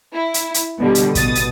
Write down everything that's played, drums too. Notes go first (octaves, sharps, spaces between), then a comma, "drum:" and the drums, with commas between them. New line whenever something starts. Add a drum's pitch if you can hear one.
E4
drum: hi-hat
drum: hi-hat
B2 D3 G3
drum: hi-hat
A1 B2 D#6 A6, drum: kick, hi-hat
drum: hi-hat